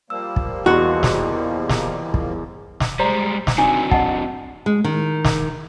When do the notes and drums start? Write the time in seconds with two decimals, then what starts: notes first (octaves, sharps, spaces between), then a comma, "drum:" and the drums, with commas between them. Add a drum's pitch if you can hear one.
0.10 F3 G3 A#3 E6
0.36 drum: kick
0.66 E2 F#4 D#5 C6 C#7
1.03 drum: snare
1.69 drum: snare
2.14 drum: kick
2.80 drum: snare
2.99 G3 G#3 C5 D5 A#5
3.47 drum: snare
3.58 C4 D4 D#4 F#4 G#5
3.91 D#5 F#5 A5, drum: kick
4.66 G#3
4.84 D#3
5.25 drum: snare